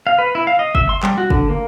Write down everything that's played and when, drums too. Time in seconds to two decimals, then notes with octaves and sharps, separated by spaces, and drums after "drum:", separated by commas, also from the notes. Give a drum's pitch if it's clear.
0.07 F5
0.18 B4
0.35 E4
0.47 F5
0.59 D#5
0.75 E5, drum: kick
0.89 C6
1.03 G3, drum: clap
1.18 F#4
1.30 D3, drum: kick
1.50 A#3